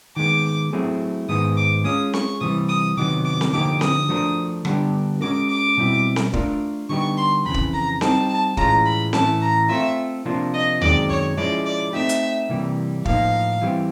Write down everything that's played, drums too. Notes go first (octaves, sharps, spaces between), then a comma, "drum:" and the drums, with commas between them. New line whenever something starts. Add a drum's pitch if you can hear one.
D#3 G#3 B3 D6
F#3 A3 C4 E4 G#4
G#2 D#3 G#3 B3 D#6
D6
G#3 C#4 F4 D#6
C#6, drum: snare C4
C3 E3 G3 D#6
D#6
C3 D#3 F#3 B3 D6
D6
drum: snare C4
D3 F3 A#3 D#4 G4 D6
D#6, drum: snare C4
F3 A3 D4 F#4 A#4
D3 G3 B3 D4 G4, drum: rim click
G#3 C#4 F#4 A#4 D6
D6
B2 G3 C4 E4
drum: snare C4
A3 D4 F4 A#4 D5, drum: kick
D3 G3 B3 D#4 G4 C#6
C6
F2 C#3 E3 B5
drum: kick
A#5
G3 C4 D#4 G4 A5, drum: snare C4
A5
A2 E3 G#3 C#4 F4 A#5, drum: kick
B5
A2 E3 A3 C#4 A5, drum: snare C4
A#5
A3 C4 F4 E5
C3 F3 A#3 D4 F4
D#5
F#2 D#3 G#3 C4 D5, drum: tom
C#5
F3 G#3 C#4 E4 D5
D5
A3 C4 D#4 G4 E5
drum: hi-hat
C3 E3 G3 A#3
A2 F3 A#3 D#4 F5, drum: kick
E3 G3 C4 E4 G4